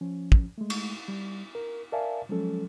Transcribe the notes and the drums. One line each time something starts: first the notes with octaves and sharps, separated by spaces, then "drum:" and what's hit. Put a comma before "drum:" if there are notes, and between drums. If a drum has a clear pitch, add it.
F3 C#4
drum: kick
G#3 A3
drum: cymbal
G3
A#4
A#4 D5 E5 F5 G#5 A5
F3 F#3 G#3 C#4 A4